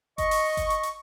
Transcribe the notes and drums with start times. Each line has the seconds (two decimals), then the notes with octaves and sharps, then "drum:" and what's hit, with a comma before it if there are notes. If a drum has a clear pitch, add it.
0.18 D#5 C#6, drum: kick G1, hi-hat
0.31 drum: open hi-hat
0.57 drum: kick G1, hi-hat
0.70 drum: hi-hat
0.83 drum: hi-hat